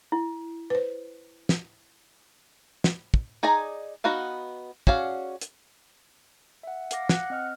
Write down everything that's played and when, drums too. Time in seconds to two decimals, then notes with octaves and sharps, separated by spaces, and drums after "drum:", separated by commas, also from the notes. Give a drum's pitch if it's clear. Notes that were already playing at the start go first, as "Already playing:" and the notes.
0.12 E4
0.70 B4 C5
1.49 drum: snare
2.84 drum: snare
3.14 drum: kick
3.43 D#4 G#4 D5 G#5 A#5
4.04 B3 D#4 F#4 B4 F5
4.87 C#4 F#4 G#4 D5 F5, drum: kick
5.41 drum: hi-hat
6.63 E5 F#5
6.91 F5 F#5 D6 A#6, drum: hi-hat
7.09 F#5 F#6 C#7, drum: snare
7.30 C4 D#5 F6